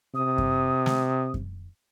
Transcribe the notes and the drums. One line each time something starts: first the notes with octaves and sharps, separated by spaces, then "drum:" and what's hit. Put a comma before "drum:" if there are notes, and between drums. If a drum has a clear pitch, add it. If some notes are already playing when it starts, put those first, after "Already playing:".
C3 D#6
drum: kick F#2
drum: snare
drum: kick F#2